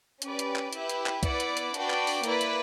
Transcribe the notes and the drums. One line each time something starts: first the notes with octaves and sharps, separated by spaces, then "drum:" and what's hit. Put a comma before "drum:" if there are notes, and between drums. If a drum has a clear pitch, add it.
C#4 G4 B4 D5, drum: hi-hat
drum: hi-hat
drum: clap
E4 G4 B4 E5, drum: hi-hat
drum: hi-hat
drum: clap
B3 E4 B4 D5 F#5, drum: kick C2, hi-hat
drum: hi-hat
drum: hi-hat
D4 F#4 B4 D5 G5, drum: hi-hat
drum: clap
drum: open hi-hat
A#3 E4 B4 D5, drum: hi-hat
drum: hi-hat